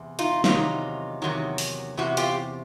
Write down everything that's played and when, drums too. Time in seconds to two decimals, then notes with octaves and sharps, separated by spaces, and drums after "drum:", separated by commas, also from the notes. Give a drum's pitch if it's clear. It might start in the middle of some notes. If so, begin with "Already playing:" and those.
Already playing: E2 C3
0.19 D#4 F4, drum: hi-hat
0.44 E2 C3 D#3 F#3 D#4 F4, drum: snare
1.22 E2 C3 D#3 F#3
1.58 drum: open hi-hat
1.97 E2 C3 F#4
2.17 F4 G4, drum: hi-hat